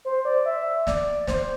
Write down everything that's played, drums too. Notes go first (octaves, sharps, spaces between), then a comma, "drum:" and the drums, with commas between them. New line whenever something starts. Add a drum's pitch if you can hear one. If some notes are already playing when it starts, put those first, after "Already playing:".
C5
D5
E5
D5, drum: snare
C5, drum: snare